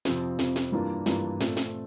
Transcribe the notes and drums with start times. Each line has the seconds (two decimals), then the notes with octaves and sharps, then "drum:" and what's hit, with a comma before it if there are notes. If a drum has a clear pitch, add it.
0.05 F2 C3 F3 C4, drum: snare
0.39 F2 C3 F3 C4, drum: snare
0.56 drum: snare
0.72 G2 E3 A#3 D4 F4
1.06 G2 E3 A#3 D4 F4, drum: snare
1.41 A#2 A3 C4 F4, drum: snare
1.57 drum: snare